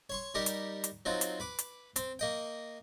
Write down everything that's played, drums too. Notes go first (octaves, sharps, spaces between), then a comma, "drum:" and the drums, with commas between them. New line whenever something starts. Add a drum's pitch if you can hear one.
C#5 C6 C#6
G3 D#4 G4 A#4
drum: hi-hat
drum: hi-hat
F#3 C4 D#4 F4
drum: hi-hat
B4 D6
drum: hi-hat
C4, drum: hi-hat
A#3 D#5 G5